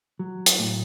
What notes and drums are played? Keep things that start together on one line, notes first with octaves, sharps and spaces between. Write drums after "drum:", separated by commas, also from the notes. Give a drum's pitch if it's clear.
F#3
drum: hi-hat
A2